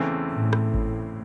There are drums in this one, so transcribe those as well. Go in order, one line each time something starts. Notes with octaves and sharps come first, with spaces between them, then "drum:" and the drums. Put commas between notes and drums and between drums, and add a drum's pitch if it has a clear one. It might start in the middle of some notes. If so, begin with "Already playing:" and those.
Already playing: E2 C#3 E3 A3 C4
A2
drum: rim click
drum: kick G#1